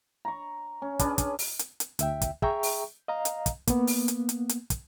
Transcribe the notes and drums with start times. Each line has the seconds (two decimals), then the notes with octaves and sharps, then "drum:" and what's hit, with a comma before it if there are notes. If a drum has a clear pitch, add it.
0.25 A#5 C#6
0.82 C#4
0.99 C#4 D4 G#4 B4, drum: kick, hi-hat
1.18 drum: kick, hi-hat
1.39 drum: open hi-hat
1.59 drum: hi-hat
1.80 drum: hi-hat
1.99 D2 E5 G5, drum: hi-hat
2.22 drum: kick, hi-hat
2.42 G#4 E5 G5 A#5 C#6, drum: kick
2.63 drum: open hi-hat
3.08 D#5 F5 A#5
3.25 drum: hi-hat
3.46 drum: kick, hi-hat
3.68 A#3 B3, drum: kick, hi-hat
3.87 drum: open hi-hat
4.08 drum: hi-hat
4.29 drum: hi-hat
4.49 drum: hi-hat
4.70 drum: kick, hi-hat